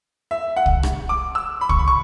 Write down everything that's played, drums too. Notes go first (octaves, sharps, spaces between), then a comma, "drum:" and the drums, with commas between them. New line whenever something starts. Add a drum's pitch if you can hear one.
E5
F#5
drum: kick C2
drum: rim click
D6
E6
B5
C#6, drum: kick C2
B5
C#6